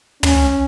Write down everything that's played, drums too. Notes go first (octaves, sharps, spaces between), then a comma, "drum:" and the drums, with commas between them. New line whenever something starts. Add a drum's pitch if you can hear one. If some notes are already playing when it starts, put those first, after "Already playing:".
C#4, drum: tom